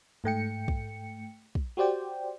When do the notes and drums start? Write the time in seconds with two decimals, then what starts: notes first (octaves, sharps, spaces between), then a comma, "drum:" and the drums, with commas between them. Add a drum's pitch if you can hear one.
0.24 G#2 A3 G5 C#7
0.68 drum: kick
1.55 drum: kick
1.77 F#4 G4 C5 D5 G5